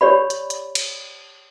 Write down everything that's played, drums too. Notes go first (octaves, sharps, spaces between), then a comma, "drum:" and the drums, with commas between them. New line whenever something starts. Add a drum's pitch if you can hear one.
G4 C#5 D5 B5
drum: hi-hat
drum: hi-hat
drum: cymbal